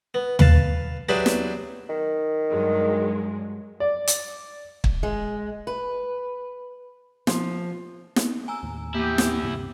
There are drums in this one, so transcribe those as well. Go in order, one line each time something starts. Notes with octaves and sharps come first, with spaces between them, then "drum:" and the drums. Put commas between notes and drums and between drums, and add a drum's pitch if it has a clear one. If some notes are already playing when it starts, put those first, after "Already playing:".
B3
B4 F5 A5, drum: tom D#2
F#3 D4 G4 G#4 B4 E5
drum: snare
D#3
G2 F#3 G#3
D5
drum: hi-hat
drum: kick
G#3
B4
F3, drum: snare
drum: snare
G#5 A#5 E6
D#2 A2
E2 A#3 E4 G4
drum: snare
D2 G2 C3